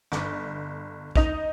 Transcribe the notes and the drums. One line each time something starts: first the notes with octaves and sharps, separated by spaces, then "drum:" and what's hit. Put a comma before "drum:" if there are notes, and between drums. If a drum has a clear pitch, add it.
G1, drum: rim click
D#4 D#5 F7, drum: kick